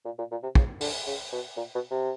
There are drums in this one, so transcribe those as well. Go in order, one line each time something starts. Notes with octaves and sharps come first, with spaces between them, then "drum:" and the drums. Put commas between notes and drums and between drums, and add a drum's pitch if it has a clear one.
A#2
A#2
A#2
C3
C#3, drum: kick
D3, drum: open hi-hat
C#3
B2
A#2
B2
C3